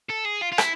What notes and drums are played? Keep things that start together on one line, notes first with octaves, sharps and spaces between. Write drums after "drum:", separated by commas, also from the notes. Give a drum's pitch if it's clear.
A4
G#4
F4
F4
E4, drum: rim click